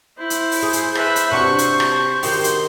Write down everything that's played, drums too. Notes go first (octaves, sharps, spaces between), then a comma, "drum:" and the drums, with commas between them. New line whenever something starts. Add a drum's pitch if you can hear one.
E4 C5
drum: hi-hat
drum: open hi-hat
G#4
drum: hi-hat
B4 E5, drum: rim click
drum: hi-hat
C3 D4 F#4 C#6
drum: hi-hat
drum: rim click
D#3 F#4 G4 C6, drum: open hi-hat
drum: hi-hat